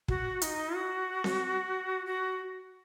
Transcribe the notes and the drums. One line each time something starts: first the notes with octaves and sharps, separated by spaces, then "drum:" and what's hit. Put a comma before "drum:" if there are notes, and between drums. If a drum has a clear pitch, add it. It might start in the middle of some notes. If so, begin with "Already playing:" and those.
F#4, drum: kick
D#4, drum: hi-hat
F#4
drum: snare C4
F#4